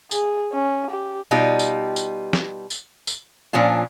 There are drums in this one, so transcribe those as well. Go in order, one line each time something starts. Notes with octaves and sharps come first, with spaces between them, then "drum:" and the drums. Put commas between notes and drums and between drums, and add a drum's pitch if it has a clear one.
G#4, drum: tambourine
C#4
G4
B2 G3 D#4 F4 G4
drum: tambourine
drum: tambourine
drum: snare
drum: tambourine
drum: tambourine
A#2 F3 C#4 D4 F4